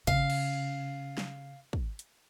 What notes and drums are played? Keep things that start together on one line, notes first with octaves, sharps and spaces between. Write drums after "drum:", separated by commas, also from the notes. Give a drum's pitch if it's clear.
C#3 F5, drum: kick
drum: cymbal
drum: snare
drum: kick
drum: hi-hat